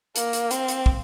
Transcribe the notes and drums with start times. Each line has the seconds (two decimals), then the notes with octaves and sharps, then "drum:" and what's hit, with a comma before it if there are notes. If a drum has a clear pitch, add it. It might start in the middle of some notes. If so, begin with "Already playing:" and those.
0.16 A#3, drum: hi-hat
0.33 drum: hi-hat
0.51 C4, drum: hi-hat
0.68 drum: hi-hat
0.86 drum: kick